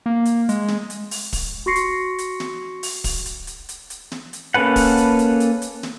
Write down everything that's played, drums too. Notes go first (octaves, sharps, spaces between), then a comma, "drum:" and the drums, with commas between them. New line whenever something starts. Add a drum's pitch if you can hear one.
A#3
drum: hi-hat
G#3, drum: hi-hat
drum: snare
drum: hi-hat
drum: open hi-hat
drum: kick, open hi-hat
F#4 C6 C#6 A#6 C7 C#7
drum: hi-hat
drum: hi-hat
drum: snare
drum: open hi-hat
drum: kick, open hi-hat
drum: hi-hat
drum: hi-hat
drum: hi-hat
drum: hi-hat
drum: snare
drum: hi-hat
A#3 C#4 A4 B4 F#5
drum: kick, open hi-hat
drum: hi-hat
drum: hi-hat
drum: hi-hat
drum: hi-hat
drum: snare